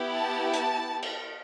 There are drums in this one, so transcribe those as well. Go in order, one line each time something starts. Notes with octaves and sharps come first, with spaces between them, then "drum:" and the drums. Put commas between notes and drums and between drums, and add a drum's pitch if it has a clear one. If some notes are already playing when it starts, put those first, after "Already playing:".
Already playing: B3 E4 G4
A5
A5, drum: hi-hat
drum: cymbal